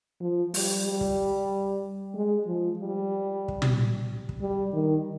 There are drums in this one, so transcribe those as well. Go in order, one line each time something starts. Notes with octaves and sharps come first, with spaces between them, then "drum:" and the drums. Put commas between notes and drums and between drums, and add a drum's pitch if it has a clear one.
F3
G3, drum: open hi-hat
G3
drum: kick
G#3
F3
G3
drum: kick
drum: tom
drum: kick
G3
D#3